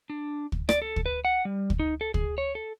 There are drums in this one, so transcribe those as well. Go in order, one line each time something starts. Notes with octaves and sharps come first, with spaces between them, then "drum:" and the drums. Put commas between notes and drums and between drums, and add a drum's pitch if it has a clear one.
D4
drum: kick
D5, drum: rim click
A4
drum: kick
B4
F#5
G3
drum: kick
D#4
A4
G#4, drum: kick
C#5
A4